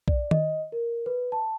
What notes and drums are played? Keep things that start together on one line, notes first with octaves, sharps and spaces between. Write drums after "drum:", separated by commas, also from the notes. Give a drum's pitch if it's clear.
D5, drum: kick B1
D#5, drum: tom D#3
A#4
B4
A5